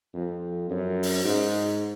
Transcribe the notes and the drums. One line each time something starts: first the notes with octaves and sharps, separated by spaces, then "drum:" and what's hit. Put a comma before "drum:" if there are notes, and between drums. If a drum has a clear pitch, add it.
F2
F#2
drum: open hi-hat
G#2